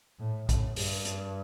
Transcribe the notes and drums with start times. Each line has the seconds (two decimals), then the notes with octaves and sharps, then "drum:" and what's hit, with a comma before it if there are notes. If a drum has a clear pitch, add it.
0.19 A2
0.49 A2, drum: kick A#1, hi-hat
0.76 G2, drum: open hi-hat
1.05 drum: hi-hat